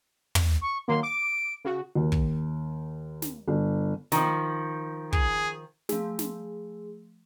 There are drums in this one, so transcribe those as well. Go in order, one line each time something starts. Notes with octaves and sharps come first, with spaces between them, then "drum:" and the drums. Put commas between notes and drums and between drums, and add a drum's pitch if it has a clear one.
drum: tom
C#6
D#3 F#3 A#3 C6
D6 D7
C#3 F#4
D#2
drum: kick
drum: snare
G1
D#3 F3, drum: snare
G#4, drum: kick
F3 A3 G#4, drum: snare
drum: snare